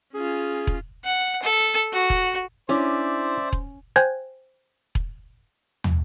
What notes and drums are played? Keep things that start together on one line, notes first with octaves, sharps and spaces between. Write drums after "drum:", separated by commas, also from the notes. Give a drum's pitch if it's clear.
C#4 F4 G#4
drum: kick E1
F#5
A4
F#4
drum: kick E1
C#4 D4 E4 C5 D5 E5 D6
drum: kick E1
C5 G5 G#5 F#6 G#6
drum: kick E1
drum: tom